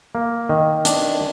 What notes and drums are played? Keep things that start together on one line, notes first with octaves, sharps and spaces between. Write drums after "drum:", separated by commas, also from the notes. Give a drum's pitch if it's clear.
A#3
D#3
D4, drum: hi-hat